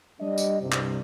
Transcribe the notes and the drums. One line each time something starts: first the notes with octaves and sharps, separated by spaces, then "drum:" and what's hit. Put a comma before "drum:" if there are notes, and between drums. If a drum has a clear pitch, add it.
G3 D4 D#5
drum: tambourine
C2 G2 C3
drum: clap